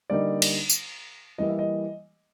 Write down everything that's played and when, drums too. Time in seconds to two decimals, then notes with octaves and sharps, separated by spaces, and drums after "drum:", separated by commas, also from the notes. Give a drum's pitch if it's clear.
0.10 D3 G3 A#3 D#4 D5
0.42 drum: cymbal
0.70 drum: tambourine
1.38 E3 G3 A#3 D#5
1.49 E5
1.59 D#5